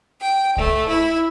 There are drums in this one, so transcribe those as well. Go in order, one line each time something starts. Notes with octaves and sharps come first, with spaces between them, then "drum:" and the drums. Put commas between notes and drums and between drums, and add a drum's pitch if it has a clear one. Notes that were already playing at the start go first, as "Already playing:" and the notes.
G5
A3, drum: kick C2
E4